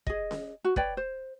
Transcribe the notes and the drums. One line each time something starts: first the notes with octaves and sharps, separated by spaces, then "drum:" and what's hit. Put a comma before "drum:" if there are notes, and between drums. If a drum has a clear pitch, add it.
G#4 D#5, drum: kick
drum: snare C#4
F#4
B4 C#5 D5 G5, drum: kick
C5